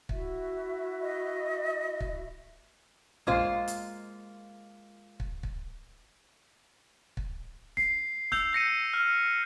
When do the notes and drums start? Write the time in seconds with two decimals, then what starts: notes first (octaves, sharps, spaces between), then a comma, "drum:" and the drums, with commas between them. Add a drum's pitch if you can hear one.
0.09 E4 F#4 E5, drum: kick
1.01 D#5
2.00 drum: kick
3.27 G#3 A#3 F4 C5 F5, drum: tom A#1
3.68 drum: hi-hat
5.20 drum: kick
5.43 drum: kick
7.17 drum: kick
7.77 C7, drum: snare E1
8.32 E6 G6 F7, drum: snare E1
8.53 G6 A#6 C#7 D#7
8.94 F6